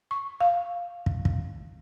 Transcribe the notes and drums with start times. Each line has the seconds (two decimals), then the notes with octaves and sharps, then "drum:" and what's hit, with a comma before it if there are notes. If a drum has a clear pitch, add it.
0.11 C#6
0.41 F5
1.06 drum: kick
1.25 drum: kick